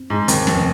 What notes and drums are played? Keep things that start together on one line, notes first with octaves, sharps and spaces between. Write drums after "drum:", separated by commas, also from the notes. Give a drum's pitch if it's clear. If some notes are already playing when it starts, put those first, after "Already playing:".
Already playing: C4
G#2
D#2 C4, drum: hi-hat
F1, drum: snare